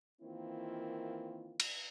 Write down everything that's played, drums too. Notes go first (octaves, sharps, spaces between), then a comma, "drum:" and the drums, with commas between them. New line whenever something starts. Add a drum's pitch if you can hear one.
D#3 E3 A#3 C4 E4 F4
drum: cymbal